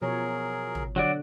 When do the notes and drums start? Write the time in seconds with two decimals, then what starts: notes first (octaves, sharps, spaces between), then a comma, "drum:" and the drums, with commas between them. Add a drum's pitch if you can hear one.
0.02 B2 F3 F#3 G#4 A#4 C#5
0.75 drum: tom
0.96 D3 F#3 F#4 D5